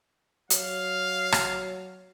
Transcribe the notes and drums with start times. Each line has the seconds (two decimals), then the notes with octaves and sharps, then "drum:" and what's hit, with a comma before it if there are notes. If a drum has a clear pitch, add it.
0.50 F#3 F5, drum: hi-hat
1.32 drum: rim click